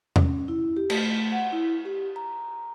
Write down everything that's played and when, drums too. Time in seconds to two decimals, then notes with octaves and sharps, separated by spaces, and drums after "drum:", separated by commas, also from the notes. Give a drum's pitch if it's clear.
0.16 C#4, drum: tom E2
0.48 E4
0.77 G4
0.90 A3, drum: cymbal
1.32 F#5
1.52 E4
1.85 G4
2.16 A#5